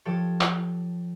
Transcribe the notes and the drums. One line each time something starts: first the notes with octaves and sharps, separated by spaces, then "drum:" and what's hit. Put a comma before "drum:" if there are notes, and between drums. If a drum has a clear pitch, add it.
F3 G4 A4 C#5
drum: clap